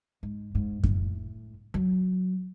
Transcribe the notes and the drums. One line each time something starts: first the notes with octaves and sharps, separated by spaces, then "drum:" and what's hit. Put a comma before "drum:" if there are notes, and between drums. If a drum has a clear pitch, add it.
G#2
G#2
A2, drum: kick F#2
F#3